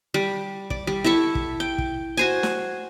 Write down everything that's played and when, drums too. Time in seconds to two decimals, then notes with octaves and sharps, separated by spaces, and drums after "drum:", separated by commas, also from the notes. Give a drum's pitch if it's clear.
0.14 G3
0.70 D5, drum: kick
0.87 G3
1.04 E4 A4 E5 C#6
1.35 drum: kick
1.60 G5
1.78 drum: kick
2.17 F#4 C5 G#5
2.43 drum: snare